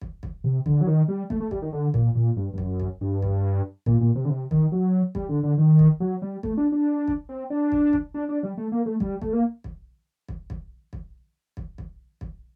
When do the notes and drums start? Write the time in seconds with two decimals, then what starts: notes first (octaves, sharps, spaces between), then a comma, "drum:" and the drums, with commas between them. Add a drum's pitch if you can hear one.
0.01 drum: kick
0.23 drum: kick
0.44 C3
0.66 D3, drum: kick
0.81 F#3
0.87 D#3
1.08 G3
1.30 A3, drum: kick
1.40 A3
1.51 G3, drum: kick
1.62 D#3
1.73 D3
1.94 A#2, drum: kick
2.15 A#2
2.37 G2
2.54 G2
2.58 F#2, drum: kick
2.80 drum: kick
3.01 G2
3.22 drum: kick
3.86 A#2, drum: kick
4.01 A#2
4.15 C3
4.25 D3
4.29 C3
4.51 D#3, drum: kick
4.72 F#3
5.15 G3, drum: kick
5.29 D3
5.43 D3
5.58 D#3
5.79 drum: kick
6.00 F#3
6.22 G3
6.43 A3, drum: kick
6.57 D4
6.72 D4
7.08 drum: kick
7.29 C4
7.50 D4
7.72 drum: kick
7.93 drum: kick
8.14 D4
8.29 D4
8.43 G3
8.57 A3
8.72 A#3
8.86 A3
9.00 G3, drum: kick
9.22 A3, drum: kick
9.33 A#3
9.64 drum: kick
10.29 drum: kick
10.50 drum: kick
10.93 drum: kick
11.57 drum: kick
11.78 drum: kick
12.21 drum: kick